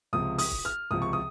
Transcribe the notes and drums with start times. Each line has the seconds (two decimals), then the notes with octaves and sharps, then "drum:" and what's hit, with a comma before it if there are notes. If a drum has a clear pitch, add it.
0.13 C#2 C3 F3 D#6
0.38 D#6, drum: open hi-hat
0.51 drum: kick
0.65 F6
0.91 C#2 C3 F3 D#6
1.02 C#6
1.13 D#6